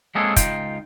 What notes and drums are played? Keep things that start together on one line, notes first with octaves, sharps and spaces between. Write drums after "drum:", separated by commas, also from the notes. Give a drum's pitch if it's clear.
G#3 A#3 C4 C#4 G#4 A4
C#2 D#4 F4 G5, drum: kick, hi-hat